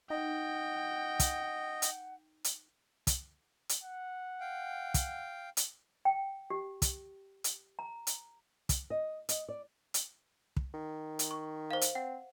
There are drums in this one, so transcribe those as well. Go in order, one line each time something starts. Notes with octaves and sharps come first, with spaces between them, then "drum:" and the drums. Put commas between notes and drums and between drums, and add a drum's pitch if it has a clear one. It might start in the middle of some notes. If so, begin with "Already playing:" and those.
D#4 D#5 F#5 G5
drum: kick, hi-hat
drum: hi-hat
drum: hi-hat
drum: kick, hi-hat
drum: hi-hat
F#5
F5 G5
drum: kick, hi-hat
drum: hi-hat
G5
G4
drum: kick, hi-hat
drum: hi-hat
A#5
drum: hi-hat
drum: kick, hi-hat
D#5
D#5, drum: hi-hat
D5
drum: hi-hat
drum: kick
D#3
drum: hi-hat
C#6
C5 F5
drum: hi-hat
C4 F#5